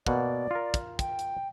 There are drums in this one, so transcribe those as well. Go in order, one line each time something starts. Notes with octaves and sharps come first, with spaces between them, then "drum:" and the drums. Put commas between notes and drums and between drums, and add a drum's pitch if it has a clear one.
B2 A#3 D5 F#5, drum: kick
F4 A#4
drum: kick, hi-hat
G5, drum: kick, hi-hat
drum: hi-hat